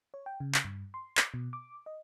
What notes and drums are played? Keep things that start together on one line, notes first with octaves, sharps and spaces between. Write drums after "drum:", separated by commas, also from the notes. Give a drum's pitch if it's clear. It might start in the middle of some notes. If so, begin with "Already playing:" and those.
C#5
G5
C#3
drum: clap
G2
C6
D6, drum: clap
B2
D6
D#5